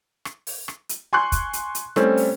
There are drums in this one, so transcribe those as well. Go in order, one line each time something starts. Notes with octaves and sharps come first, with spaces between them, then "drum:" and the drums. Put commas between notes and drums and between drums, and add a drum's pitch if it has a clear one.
drum: rim click
drum: open hi-hat
drum: rim click
drum: hi-hat
G#5 C6 C#6 F#6
drum: kick, hi-hat
drum: hi-hat
drum: hi-hat
G3 A3 C4 C#4, drum: rim click
drum: open hi-hat